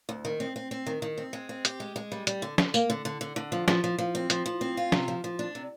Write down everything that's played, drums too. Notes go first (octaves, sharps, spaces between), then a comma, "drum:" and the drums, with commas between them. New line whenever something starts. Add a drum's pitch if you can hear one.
D2
D#3
C4
C4
C4
D#3
D#3
C4
G#3
C4
G4, drum: hi-hat
G#3
G#3
G3
G3, drum: hi-hat
D3
D3, drum: snare
A#3, drum: tambourine
D3
D3
D3
D3
F3
F3, drum: snare
F3
F3
C4
F3, drum: hi-hat
F3
C4
F4
C3, drum: snare
F3
F3
D4
C3